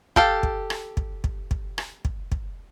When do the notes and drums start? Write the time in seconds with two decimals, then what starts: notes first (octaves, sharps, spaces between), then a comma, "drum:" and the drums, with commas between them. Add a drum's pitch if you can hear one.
0.16 G4 A4 F5, drum: kick
0.43 drum: kick
0.70 drum: rim click
0.97 drum: kick
1.24 drum: kick
1.51 drum: kick
1.78 drum: rim click
2.05 drum: kick
2.32 drum: kick